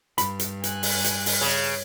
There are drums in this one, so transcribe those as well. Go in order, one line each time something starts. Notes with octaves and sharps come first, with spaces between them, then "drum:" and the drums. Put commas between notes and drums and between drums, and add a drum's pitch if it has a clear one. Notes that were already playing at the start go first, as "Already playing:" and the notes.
G2 B5, drum: hi-hat
drum: hi-hat
G#5 F#6, drum: hi-hat
drum: open hi-hat
drum: hi-hat
drum: open hi-hat
C#3